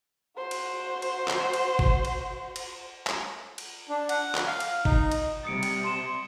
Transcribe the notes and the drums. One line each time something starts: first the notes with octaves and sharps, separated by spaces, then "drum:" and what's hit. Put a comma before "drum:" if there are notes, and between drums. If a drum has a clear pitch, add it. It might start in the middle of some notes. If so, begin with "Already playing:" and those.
F#4 C5
drum: cymbal
drum: cymbal
drum: clap
drum: cymbal
drum: kick G1
drum: cymbal
drum: cymbal
drum: clap
drum: cymbal
D4
F#5, drum: cymbal
drum: clap
F5
drum: cymbal
D#4, drum: kick G1
drum: cymbal
C3 G3 D#6 C#7 D7
drum: cymbal
A5 C6 E7